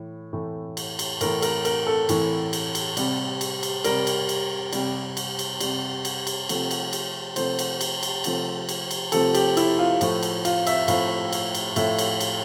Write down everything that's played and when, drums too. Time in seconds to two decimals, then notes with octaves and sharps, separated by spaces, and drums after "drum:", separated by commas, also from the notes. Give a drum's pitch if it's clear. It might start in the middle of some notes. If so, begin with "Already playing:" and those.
Already playing: A2 E3
0.33 A2 E3 A3
0.77 drum: cymbal
0.99 drum: cymbal
1.21 A2 E3 A3 A#4, drum: cymbal
1.42 A#4, drum: cymbal
1.65 A#4, drum: cymbal
1.87 A4
2.09 A2 E3 A3, drum: cymbal
2.53 drum: cymbal
2.75 drum: cymbal
2.97 C3 G3, drum: cymbal
3.41 drum: cymbal
3.63 drum: cymbal
3.84 C3 G3 A#4, drum: cymbal
4.07 drum: cymbal
4.29 drum: cymbal
4.73 C3 G3, drum: cymbal
5.17 drum: cymbal
5.39 drum: cymbal
5.60 C3 G3, drum: cymbal
6.05 drum: cymbal
6.27 drum: cymbal
6.49 C3 F3 A3, drum: cymbal
6.71 drum: cymbal
6.93 drum: cymbal
7.36 C3 F3 A3 C5, drum: cymbal
7.59 drum: cymbal
7.81 drum: cymbal
8.03 drum: cymbal
8.24 C3 F3 A3, drum: cymbal
8.69 drum: cymbal
8.91 drum: cymbal
9.12 C3 F3 A3 A4, drum: cymbal
9.35 G4, drum: cymbal
9.57 E4, drum: cymbal
9.79 F4
10.01 A2 F3 A3, drum: cymbal
10.23 drum: cymbal
10.45 F4, drum: cymbal
10.67 E5, drum: cymbal
10.88 A2 F3 A3 F5, drum: cymbal
11.33 drum: cymbal
11.55 drum: cymbal
11.76 A2 F3 A3 E5, drum: cymbal
11.98 drum: cymbal
12.20 drum: cymbal